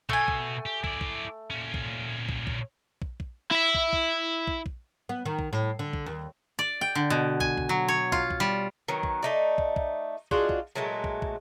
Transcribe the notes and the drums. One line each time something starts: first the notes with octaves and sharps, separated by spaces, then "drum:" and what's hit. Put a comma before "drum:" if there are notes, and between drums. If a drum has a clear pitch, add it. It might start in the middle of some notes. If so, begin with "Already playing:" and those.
B2 A3 G#5, drum: kick
drum: kick
G4
E4 D5, drum: kick
drum: kick
A#2 C#4
drum: kick
drum: kick
drum: kick
drum: kick
drum: kick
E4 E5
drum: kick
drum: kick
drum: kick
drum: kick
B3
D#3
drum: kick
A2
D3
drum: kick
D#2
D5
G5
D3
B2
G#5, drum: kick
drum: kick
F#3
C#5
F4, drum: kick
drum: kick
G3
D#3 F#3 B3
drum: kick
A3 D#4 D5
drum: kick
drum: kick
G#3 D4 F4 F#4, drum: kick
drum: kick
A#2 F#3 G#3 A3
drum: kick
drum: kick